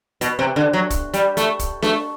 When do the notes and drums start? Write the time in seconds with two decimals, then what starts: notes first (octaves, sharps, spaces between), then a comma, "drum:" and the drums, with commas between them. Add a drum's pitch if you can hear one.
0.21 B2, drum: hi-hat
0.39 C3
0.56 D3
0.73 F#3
0.90 drum: kick, hi-hat
1.14 G3, drum: hi-hat
1.37 A3, drum: hi-hat
1.59 drum: kick, hi-hat
1.82 A3, drum: snare D4